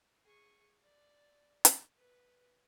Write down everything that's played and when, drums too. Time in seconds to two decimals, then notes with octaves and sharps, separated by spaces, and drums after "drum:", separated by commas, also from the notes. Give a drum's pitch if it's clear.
0.23 G#4 C#6
0.83 D5
1.65 drum: hi-hat
1.97 B4